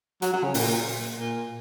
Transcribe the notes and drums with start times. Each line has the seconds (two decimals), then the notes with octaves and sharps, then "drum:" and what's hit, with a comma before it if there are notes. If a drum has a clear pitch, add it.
0.22 F#3, drum: hi-hat
0.33 F#3
0.44 C#3
0.54 A#2, drum: open hi-hat
1.18 A#2